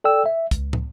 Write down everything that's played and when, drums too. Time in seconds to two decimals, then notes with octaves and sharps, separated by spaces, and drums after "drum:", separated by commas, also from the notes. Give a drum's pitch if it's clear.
0.04 A4 D5 G5 E6
0.26 E5
0.51 C#2, drum: kick, hi-hat
0.73 drum: tom